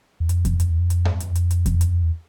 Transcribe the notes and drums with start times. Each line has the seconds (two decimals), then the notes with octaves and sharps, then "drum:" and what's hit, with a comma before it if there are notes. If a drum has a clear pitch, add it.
0.20 E2
0.29 F2, drum: hi-hat
0.45 drum: kick E2, hi-hat
0.60 F2, drum: hi-hat
0.69 E2
0.79 F2
0.90 drum: hi-hat
1.05 drum: tom F2
1.20 drum: hi-hat
1.35 drum: hi-hat
1.51 drum: hi-hat
1.66 drum: kick E2, hi-hat
1.81 drum: hi-hat
2.03 E2